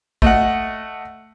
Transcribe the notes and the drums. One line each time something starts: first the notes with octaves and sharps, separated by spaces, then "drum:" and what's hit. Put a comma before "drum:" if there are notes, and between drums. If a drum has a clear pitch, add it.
A3 D#5 F#5, drum: kick